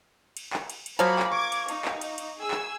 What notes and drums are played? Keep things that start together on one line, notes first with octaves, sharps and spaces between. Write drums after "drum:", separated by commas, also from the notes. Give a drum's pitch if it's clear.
drum: cymbal
drum: clap
drum: cymbal
drum: cymbal
F3 F#3 A#3 C5 C#5 B5
drum: clap
C#6 D6 G#6
drum: cymbal
D#4, drum: cymbal
drum: clap
drum: cymbal
drum: cymbal
G#4 G#5 E6
drum: clap